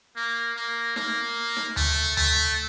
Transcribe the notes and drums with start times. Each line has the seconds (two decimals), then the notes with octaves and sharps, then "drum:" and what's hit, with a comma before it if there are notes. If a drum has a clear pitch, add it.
0.16 A#3
0.56 A#3
0.96 A#3, drum: snare D#4
1.57 drum: snare D#4
1.76 A3, drum: tom D2
2.17 A3, drum: tom D2